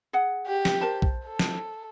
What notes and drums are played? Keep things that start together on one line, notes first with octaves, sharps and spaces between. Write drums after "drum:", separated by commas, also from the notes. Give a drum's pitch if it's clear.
G#4 F#5
G4
drum: snare
A#4 C5 A5
drum: kick
A4
drum: snare